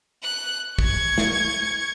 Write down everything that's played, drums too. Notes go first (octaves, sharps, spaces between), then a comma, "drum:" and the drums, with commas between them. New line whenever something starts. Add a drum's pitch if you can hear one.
F#6
C#6 G#6, drum: kick
drum: snare